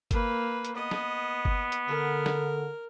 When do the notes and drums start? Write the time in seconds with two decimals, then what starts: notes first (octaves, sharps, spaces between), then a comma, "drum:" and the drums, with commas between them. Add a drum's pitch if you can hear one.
0.11 A#3 B4, drum: kick G1, hi-hat
0.65 drum: hi-hat
0.76 B3 D#5
0.91 drum: snare
1.45 drum: kick G1
1.72 drum: hi-hat
1.88 D3 A#4
2.26 drum: snare